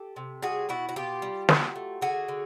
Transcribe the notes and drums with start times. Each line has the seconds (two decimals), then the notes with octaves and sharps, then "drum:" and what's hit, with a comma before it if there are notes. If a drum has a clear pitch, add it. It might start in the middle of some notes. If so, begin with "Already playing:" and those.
Already playing: G4 A4
0.16 C3
0.42 G3 F#4 G#4
0.69 B2 E4 F#4
0.89 F#4
0.96 B2 F4 G4
1.22 G3
1.49 F#3, drum: snare
1.76 A3
2.01 D3 F#4 G#4
2.28 D3